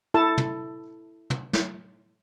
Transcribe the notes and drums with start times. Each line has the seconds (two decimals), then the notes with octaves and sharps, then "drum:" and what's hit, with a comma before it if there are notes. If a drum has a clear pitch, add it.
0.14 E4 A4 A5
0.37 drum: tom
1.30 drum: tom
1.53 drum: snare